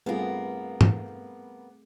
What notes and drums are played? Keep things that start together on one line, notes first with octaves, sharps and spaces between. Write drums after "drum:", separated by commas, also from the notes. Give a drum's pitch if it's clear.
G2 A3 B3 C4 F4 G#4 A#4 F5
drum: tom